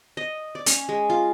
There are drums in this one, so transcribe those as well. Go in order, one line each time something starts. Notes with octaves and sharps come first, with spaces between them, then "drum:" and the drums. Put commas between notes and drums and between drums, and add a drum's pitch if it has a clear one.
D#5
D5
C#4, drum: hi-hat
G#3
F4